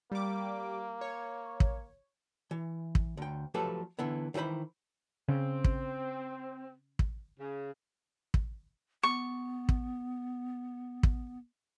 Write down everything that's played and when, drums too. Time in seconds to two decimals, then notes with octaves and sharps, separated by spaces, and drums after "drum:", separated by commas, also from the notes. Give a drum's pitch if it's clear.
0.12 G3 A#3 D6
1.01 C#5
1.60 drum: kick
2.51 E3
2.95 drum: kick
3.17 D2 G5
3.54 F3 F#3 A3 G4 A4 B4
3.99 D3 E3 B3
4.34 D#3 E3 G#4 C5 B5
5.29 C#3 C4
5.64 drum: kick
6.99 drum: kick
7.40 C#3
8.34 drum: kick
9.03 B3 C#6
9.69 drum: kick
11.03 drum: kick